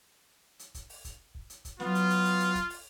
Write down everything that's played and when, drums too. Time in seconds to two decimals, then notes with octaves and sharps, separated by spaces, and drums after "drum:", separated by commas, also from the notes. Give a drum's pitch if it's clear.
0.59 drum: hi-hat
0.74 drum: kick, hi-hat
0.90 drum: open hi-hat
1.05 drum: kick, hi-hat
1.35 drum: kick
1.50 drum: hi-hat
1.65 drum: kick, hi-hat
1.80 F#3 B3 F4, drum: snare
1.95 drum: hi-hat
2.10 drum: hi-hat
2.25 drum: hi-hat
2.40 drum: hi-hat
2.55 drum: kick, hi-hat
2.70 drum: open hi-hat